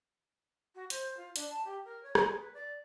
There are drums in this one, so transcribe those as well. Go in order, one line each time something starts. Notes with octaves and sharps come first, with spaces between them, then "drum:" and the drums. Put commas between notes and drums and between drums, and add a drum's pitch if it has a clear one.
F#4
C5, drum: hi-hat
F4
D4, drum: hi-hat
A5
G4
A#4
C#5
G#4, drum: rim click
B4
D5